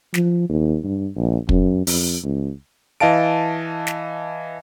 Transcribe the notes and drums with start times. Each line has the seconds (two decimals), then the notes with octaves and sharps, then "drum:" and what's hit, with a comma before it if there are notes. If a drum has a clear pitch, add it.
0.14 F3, drum: snare
0.49 D#2
0.84 G2
1.16 A#1
1.49 F#2, drum: kick
1.87 F2, drum: open hi-hat
2.23 C#2
3.00 E3 D#5 F5 A5 D7
3.87 drum: snare